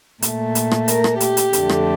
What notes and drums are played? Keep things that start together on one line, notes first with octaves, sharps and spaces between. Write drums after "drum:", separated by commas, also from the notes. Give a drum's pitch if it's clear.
A#2 A3, drum: hi-hat
drum: hi-hat
drum: rim click
A#4, drum: hi-hat
drum: rim click
G4, drum: hi-hat
drum: hi-hat
F2 D3 A3, drum: hi-hat
drum: rim click